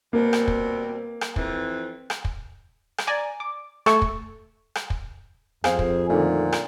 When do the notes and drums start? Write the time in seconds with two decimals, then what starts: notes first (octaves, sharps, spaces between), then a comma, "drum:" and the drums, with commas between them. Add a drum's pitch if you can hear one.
0.13 B2 G3 A#3 C4
0.33 drum: rim click
0.47 drum: kick
1.21 drum: rim click
1.36 F2 E3 C4, drum: kick
2.10 drum: rim click
2.25 drum: kick
2.98 drum: rim click
3.07 D5 G#5 A#5
3.40 D6
3.86 A3 A4 C#6, drum: rim click
4.02 drum: kick
4.75 drum: rim click
4.90 drum: kick
5.64 F2 C4 G#4 F5, drum: rim click
5.79 drum: kick
6.09 A#2 D3 D#3 A3
6.52 drum: rim click